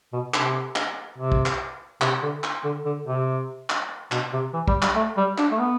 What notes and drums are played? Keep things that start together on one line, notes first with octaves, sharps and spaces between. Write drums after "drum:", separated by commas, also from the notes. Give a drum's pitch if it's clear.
B2
C3, drum: clap
drum: clap
C3
drum: kick
drum: clap
C3, drum: clap
D3
drum: clap
D3
D3
C3
drum: clap
B2, drum: clap
C3
E3
G3, drum: kick
G3, drum: clap
A3
G3
D4, drum: clap
A3
B3